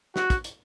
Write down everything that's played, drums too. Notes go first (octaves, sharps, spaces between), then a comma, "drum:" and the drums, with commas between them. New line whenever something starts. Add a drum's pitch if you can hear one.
F#4, drum: snare
drum: kick, hi-hat
drum: hi-hat